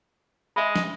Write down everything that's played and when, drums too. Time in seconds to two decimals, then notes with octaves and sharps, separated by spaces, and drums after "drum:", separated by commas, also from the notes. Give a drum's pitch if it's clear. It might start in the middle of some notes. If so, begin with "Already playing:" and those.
0.56 G#3 E5 B5
0.76 drum: snare